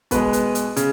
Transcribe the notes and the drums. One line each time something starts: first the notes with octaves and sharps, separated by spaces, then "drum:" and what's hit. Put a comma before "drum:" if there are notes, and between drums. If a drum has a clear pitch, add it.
B2 G#3 B4, drum: kick, hi-hat
drum: hi-hat
drum: hi-hat
C#3, drum: hi-hat